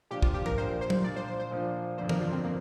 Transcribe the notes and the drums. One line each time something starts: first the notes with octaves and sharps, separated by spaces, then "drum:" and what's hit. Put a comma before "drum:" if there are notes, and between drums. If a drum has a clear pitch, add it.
A#2 F3 D4 G4
F4, drum: kick
G4
A#4, drum: tom G#2
A#2 F3 D4 C5
C5
drum: tom F#3
A#2 F3 D4 D5
C5
C5
C5
A#2 F3 D4
G1 F2 F3 D4 C5
A#4, drum: tom D#3
F4
C4
A#3